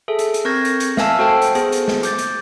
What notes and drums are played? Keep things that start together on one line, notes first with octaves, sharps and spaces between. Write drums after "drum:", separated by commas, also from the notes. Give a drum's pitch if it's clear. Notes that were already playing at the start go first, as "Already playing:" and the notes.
G#4 A4 E5
drum: hi-hat
drum: hi-hat
C4 A#4 C#6 G6 G#6 A#6
drum: hi-hat
drum: hi-hat
E5 F5 G#5 A5 E6 F6, drum: snare
F#4 A4 C5 G5 A5
drum: hi-hat
B3 G#4 C5, drum: hi-hat
drum: hi-hat
drum: snare
D6 G6 A6, drum: hi-hat
drum: hi-hat